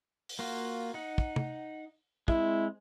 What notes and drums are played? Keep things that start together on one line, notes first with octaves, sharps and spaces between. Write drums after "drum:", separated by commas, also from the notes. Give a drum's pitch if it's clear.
drum: open hi-hat
A#3 F4 F#4
D#4 F#5
drum: kick
drum: tom C3
G#3 C4 E4, drum: kick